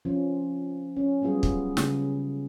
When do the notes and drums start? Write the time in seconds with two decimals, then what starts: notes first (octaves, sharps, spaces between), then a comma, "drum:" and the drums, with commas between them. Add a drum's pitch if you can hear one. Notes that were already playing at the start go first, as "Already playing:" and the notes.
0.05 F3 C#4 F4
0.97 C#4
1.22 F#3 G3 B3 F4 G#4
1.43 drum: kick
1.77 C#3, drum: snare